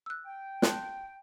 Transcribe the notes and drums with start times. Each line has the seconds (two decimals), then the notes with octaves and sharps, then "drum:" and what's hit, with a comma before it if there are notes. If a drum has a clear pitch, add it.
0.06 E6 F#6
0.25 G5
0.62 A5 C6 F#6, drum: snare